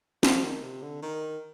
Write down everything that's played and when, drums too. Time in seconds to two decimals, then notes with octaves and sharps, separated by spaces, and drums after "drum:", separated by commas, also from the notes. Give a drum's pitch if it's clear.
0.23 F3, drum: snare
0.43 D#3
0.63 C3
0.82 D3
1.02 D#3